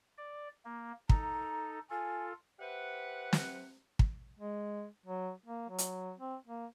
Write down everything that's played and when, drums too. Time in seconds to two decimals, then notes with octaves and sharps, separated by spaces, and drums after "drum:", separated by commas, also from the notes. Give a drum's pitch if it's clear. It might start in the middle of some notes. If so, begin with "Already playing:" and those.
0.18 D5
0.65 A#3
1.09 D#4 A4 A#5, drum: kick
1.90 F4 A4 G#5
2.59 G4 B4 C5 E5 F#5
3.33 drum: snare
3.99 drum: kick
4.39 G#3
5.06 F#3
5.46 A#3
5.69 F#3
5.78 drum: hi-hat
6.18 C4
6.46 A#3